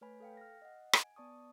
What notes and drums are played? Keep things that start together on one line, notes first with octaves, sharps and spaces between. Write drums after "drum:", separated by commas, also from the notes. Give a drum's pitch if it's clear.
A3 B4 C#5 G#5 B5
A4 F5 G5
F6 A#6
D#5 F#5
G#5, drum: rim click
B3 D5 A5 C#6 D#6